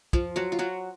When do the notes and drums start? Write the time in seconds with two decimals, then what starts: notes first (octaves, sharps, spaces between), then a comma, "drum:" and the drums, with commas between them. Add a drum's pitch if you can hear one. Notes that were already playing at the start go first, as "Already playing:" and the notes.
0.13 F3 F4, drum: kick
0.36 F#3 F#4
0.52 F4
0.59 F#3 F#4